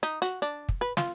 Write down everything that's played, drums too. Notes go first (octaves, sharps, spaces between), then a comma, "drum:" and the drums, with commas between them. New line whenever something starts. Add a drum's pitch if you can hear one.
D#4
F#4, drum: hi-hat
D4
drum: kick
B4
F4, drum: snare